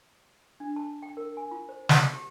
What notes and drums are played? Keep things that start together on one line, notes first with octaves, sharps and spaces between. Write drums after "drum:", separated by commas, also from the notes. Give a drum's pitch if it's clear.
D4
A5
G5
A#4
G#5
F4
C5
A5, drum: snare
G4